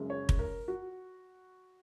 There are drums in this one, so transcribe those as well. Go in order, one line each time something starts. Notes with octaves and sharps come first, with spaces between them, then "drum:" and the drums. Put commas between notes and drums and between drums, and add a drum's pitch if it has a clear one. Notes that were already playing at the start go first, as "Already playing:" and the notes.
Already playing: F#1 F#2 C#3 G#3
C#5
drum: kick
A#4
F#4